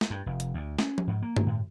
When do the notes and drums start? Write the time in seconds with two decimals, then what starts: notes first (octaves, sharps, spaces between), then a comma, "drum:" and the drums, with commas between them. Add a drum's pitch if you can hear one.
0.01 drum: snare
0.10 G2
0.26 F1
0.40 drum: hi-hat
0.54 D2
0.79 C#4, drum: snare
0.98 drum: tom F3
1.08 G#2
1.22 A#3
1.37 drum: tom G2
1.47 A2